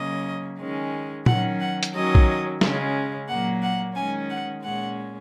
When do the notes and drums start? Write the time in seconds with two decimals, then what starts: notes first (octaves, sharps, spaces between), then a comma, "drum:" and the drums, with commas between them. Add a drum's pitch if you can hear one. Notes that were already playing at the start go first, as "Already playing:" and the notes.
Already playing: C#3 F#3 A#3 C#4 D#5
0.59 D#3 G#3 C#4
1.26 D#3 F#3 C#4 F#5, drum: tom
1.60 F#5
1.83 drum: hi-hat
1.94 D#3 F#3 C#4 D#5
2.15 drum: kick A#1
2.61 C#3 G#3 C#4, drum: snare
3.29 A#2 F#3 A#3 F#5
3.63 F#5
3.96 D#3 G#3 C#4 G#5
4.30 F#5
4.63 A#2 G#3 C#4 F#5